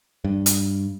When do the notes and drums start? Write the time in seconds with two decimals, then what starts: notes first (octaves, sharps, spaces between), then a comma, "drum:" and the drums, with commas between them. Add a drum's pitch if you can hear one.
0.25 G2
0.46 drum: hi-hat